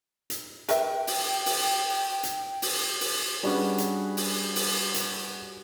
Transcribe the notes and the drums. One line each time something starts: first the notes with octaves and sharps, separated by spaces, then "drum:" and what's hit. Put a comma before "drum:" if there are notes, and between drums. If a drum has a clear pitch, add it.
drum: hi-hat
A#4 B4 E5 G5, drum: hi-hat
drum: open hi-hat
drum: open hi-hat
drum: hi-hat
drum: open hi-hat
drum: open hi-hat
G3 C#4 D4 F#4 G#4 B4
drum: hi-hat
drum: open hi-hat
drum: open hi-hat
drum: hi-hat